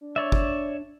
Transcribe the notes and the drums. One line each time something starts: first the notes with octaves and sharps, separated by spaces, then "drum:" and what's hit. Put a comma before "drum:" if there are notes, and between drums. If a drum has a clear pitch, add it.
D4
C#5 D5 E5
drum: kick